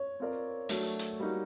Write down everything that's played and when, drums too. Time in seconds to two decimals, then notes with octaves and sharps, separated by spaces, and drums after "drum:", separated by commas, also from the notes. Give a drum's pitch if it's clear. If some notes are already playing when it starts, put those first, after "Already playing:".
Already playing: C#5
0.20 C4 F4 A#4 D5
0.69 F#3 A3 D4 F#4, drum: open hi-hat
0.99 drum: hi-hat
1.20 G3 A#3 D#4 F#4